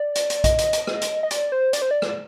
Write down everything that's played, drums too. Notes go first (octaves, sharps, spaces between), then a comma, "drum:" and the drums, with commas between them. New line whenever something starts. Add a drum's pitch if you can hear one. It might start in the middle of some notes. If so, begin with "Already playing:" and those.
Already playing: D5
drum: hi-hat
drum: hi-hat
D#5, drum: kick B1, hi-hat
drum: hi-hat
drum: hi-hat
drum: rim click
drum: hi-hat
D#5
D5, drum: hi-hat
C5
D5, drum: hi-hat
C5
D5
drum: rim click